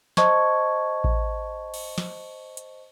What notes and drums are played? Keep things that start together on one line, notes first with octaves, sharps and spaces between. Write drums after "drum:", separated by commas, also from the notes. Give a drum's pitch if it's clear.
C5 D#5 A5 C#6 G#6, drum: snare
drum: kick A1
drum: cymbal
drum: snare
drum: hi-hat